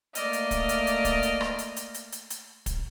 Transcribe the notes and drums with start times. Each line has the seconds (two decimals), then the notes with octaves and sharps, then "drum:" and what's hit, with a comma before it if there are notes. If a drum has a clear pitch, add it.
0.15 A3 A#3 D5 D#5 F6, drum: hi-hat
0.33 drum: hi-hat
0.51 drum: kick, hi-hat
0.69 drum: hi-hat
0.87 drum: hi-hat
1.05 drum: kick, hi-hat
1.23 drum: hi-hat
1.41 drum: rim click
1.59 drum: hi-hat
1.76 drum: hi-hat
1.94 drum: hi-hat
2.12 drum: hi-hat
2.30 drum: hi-hat
2.66 drum: kick, hi-hat